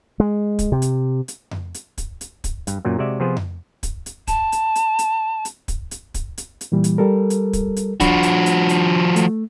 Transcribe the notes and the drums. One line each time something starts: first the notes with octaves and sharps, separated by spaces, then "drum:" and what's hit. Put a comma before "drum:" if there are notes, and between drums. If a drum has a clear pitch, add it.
G#3
drum: kick, hi-hat
C3
drum: hi-hat
drum: hi-hat
drum: tom F2
drum: hi-hat
drum: kick, hi-hat
drum: hi-hat
drum: kick, hi-hat
G2, drum: hi-hat
F#2 A#2 F#3
C3 G#3 F#4 D5 E5
C3 F3 B3 F4 G#4 C5
drum: tom F2
drum: kick, hi-hat
drum: hi-hat
A5, drum: kick, hi-hat
drum: hi-hat
drum: hi-hat
drum: hi-hat
drum: hi-hat
drum: kick, hi-hat
drum: hi-hat
drum: kick, hi-hat
drum: hi-hat
drum: hi-hat
A#2 E3 G3
drum: hi-hat
G3 A4 A#4
drum: hi-hat
drum: kick, hi-hat
drum: hi-hat
F3 D4 F#4 B5, drum: kick, hi-hat
drum: hi-hat
drum: hi-hat
drum: hi-hat
A3, drum: hi-hat